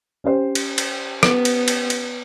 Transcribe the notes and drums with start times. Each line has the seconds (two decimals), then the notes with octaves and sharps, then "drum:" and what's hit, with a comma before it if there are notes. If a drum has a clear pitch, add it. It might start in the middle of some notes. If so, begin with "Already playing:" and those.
0.24 C#4 G4 C5
0.55 drum: cymbal
0.78 drum: cymbal
1.23 B3, drum: rim click
1.45 drum: cymbal
1.68 drum: cymbal
1.90 drum: cymbal